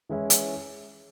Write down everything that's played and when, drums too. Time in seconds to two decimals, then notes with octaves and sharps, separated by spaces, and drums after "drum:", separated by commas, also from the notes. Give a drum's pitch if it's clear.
0.09 E3 G#3 C#4 E4
0.30 drum: hi-hat